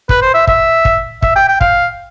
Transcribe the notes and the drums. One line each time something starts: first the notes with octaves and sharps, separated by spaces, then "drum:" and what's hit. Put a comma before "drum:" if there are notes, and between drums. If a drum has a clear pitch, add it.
B4, drum: kick
C5
E5
E5, drum: kick
drum: kick
E5, drum: kick
G5
G5
F5, drum: kick